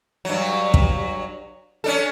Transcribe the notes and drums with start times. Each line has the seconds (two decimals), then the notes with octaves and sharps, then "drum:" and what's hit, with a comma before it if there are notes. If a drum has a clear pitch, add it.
0.25 G2 F#3
0.74 drum: kick
1.84 C#4 D4 A4